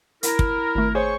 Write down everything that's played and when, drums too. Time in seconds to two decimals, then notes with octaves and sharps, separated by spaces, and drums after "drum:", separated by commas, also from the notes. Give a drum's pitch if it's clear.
0.23 E4 A#4, drum: hi-hat
0.39 drum: kick
0.75 G#1 A3
0.95 G#4 C5 C#5 C#6